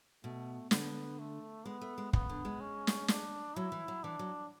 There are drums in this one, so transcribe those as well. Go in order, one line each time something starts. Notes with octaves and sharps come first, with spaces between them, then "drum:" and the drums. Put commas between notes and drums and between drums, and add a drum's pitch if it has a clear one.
B2 A3
D3 B3, drum: snare
A3
G#3 B3
A3
G#3
C#3 B3, drum: kick
D3
G#3
C#4
drum: snare
D4, drum: snare
F#3 E4
E3
F#3
E3 D4
F#3